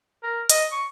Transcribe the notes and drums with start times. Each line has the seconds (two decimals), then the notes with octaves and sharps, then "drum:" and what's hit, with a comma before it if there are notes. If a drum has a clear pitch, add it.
0.23 A#4
0.50 D#5, drum: hi-hat
0.72 C#6